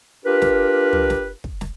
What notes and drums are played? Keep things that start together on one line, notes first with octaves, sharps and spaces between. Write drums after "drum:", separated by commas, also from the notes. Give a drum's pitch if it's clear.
D4 F4 G4 A#4 B4
drum: snare
drum: tom
drum: snare
drum: kick
drum: snare